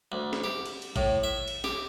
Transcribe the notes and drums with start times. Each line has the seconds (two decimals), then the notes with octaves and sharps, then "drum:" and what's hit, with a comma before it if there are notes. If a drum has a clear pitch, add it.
0.12 D2
0.33 drum: snare
0.44 G4
0.66 drum: cymbal
0.82 drum: cymbal
0.96 A2, drum: kick A1, cymbal
1.24 E5
1.48 drum: cymbal
1.64 G4, drum: snare